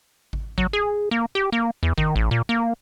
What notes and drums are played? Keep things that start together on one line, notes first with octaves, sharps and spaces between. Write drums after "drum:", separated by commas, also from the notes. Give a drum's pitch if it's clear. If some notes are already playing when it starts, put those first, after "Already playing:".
drum: kick G#1
F#3, drum: kick G#1
G#4
A#3
G4
A#3
E2
D#3, drum: kick G#1
A1
A#2
A#3